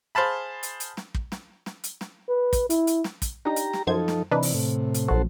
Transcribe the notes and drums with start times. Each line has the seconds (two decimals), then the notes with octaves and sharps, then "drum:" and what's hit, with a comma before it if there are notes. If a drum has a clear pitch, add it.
0.15 G#4 C5 F5 A5 B5
0.63 drum: hi-hat
0.80 drum: hi-hat
0.97 drum: snare
1.14 drum: kick
1.32 drum: snare
1.66 drum: snare
1.84 drum: hi-hat
2.01 drum: snare
2.29 B4
2.53 drum: kick, hi-hat
2.70 E4, drum: hi-hat
2.87 drum: hi-hat
3.04 drum: snare
3.22 drum: kick, hi-hat
3.45 D4 D#4 G4 A#5
3.56 drum: hi-hat
3.73 drum: snare
3.87 F#2 F3 D#4 A4 C5 G#6
4.08 drum: snare
4.32 C3 E3 D4 D#4 B4
4.43 drum: open hi-hat
4.54 A2 C3
4.94 drum: hi-hat
5.08 A#1 F#3 F#4 A4 C5